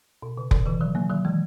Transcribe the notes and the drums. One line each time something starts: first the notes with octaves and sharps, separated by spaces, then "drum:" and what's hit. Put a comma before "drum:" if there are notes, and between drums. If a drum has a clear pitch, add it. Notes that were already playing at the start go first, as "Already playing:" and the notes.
B2
C#3
B2 D#3, drum: kick F1
C#3 E3
D#3 F#3
F#3 A#3
D#3 F#3
E3 G#3